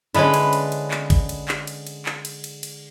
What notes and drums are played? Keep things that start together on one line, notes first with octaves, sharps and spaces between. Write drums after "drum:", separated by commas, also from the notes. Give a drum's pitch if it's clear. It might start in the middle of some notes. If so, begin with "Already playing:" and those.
D3 G#3 C#4 E4 B4, drum: cymbal
drum: cymbal
drum: cymbal
drum: cymbal
drum: clap
drum: kick A1, cymbal
drum: cymbal
drum: clap
drum: cymbal
drum: cymbal
drum: clap
drum: cymbal
drum: cymbal
drum: cymbal